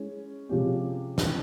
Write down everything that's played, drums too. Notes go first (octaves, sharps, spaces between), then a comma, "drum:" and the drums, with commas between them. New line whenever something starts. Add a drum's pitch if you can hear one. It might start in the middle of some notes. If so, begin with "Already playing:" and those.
Already playing: G#3 C#4 E4 G#4
C3 F3 G#3 C#4 G4
drum: snare